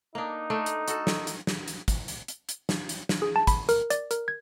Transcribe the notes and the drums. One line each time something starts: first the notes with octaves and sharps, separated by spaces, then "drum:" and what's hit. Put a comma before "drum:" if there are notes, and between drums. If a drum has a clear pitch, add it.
A#3 D4 D#4
A3 D4
drum: hi-hat
F#4 A4, drum: hi-hat
drum: snare
drum: hi-hat
drum: snare
drum: hi-hat
drum: kick, hi-hat
drum: hi-hat
drum: hi-hat
drum: hi-hat
drum: snare
drum: hi-hat
drum: snare
G#4
A5
B5, drum: kick, hi-hat
A#4, drum: hi-hat
D5, drum: hi-hat
A#4, drum: hi-hat
G#6